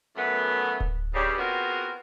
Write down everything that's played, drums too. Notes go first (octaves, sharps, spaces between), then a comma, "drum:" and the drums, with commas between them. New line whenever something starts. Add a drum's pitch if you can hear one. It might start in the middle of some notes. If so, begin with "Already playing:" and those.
F#2 A3 B3
drum: kick D1
G2 C#3 G3
B3 C4 F4 F#4 G#4 A#4